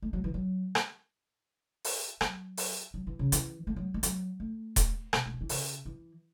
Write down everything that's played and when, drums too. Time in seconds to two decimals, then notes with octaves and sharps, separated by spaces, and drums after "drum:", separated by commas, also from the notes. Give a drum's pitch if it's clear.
0.02 A3
0.13 F#3
0.24 E3
0.34 F#3
0.75 drum: rim click
1.84 drum: open hi-hat
2.21 F#3, drum: rim click
2.57 drum: open hi-hat
2.94 F#3
3.07 E3
3.19 C#3
3.32 E3, drum: hi-hat
3.67 A3
3.76 F#3
3.94 A3
4.03 F#3, drum: hi-hat
4.40 A3
4.76 drum: kick D#1, hi-hat
5.13 B2, drum: rim click
5.26 A3
5.34 F#3
5.41 E3
5.49 C#3, drum: open hi-hat
5.85 E3